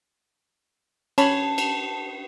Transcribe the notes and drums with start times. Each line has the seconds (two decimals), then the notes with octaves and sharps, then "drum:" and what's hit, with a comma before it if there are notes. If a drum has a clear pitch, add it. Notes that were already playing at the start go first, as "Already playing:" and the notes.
1.18 C#4 C#5 A5 B5, drum: cymbal
1.58 drum: cymbal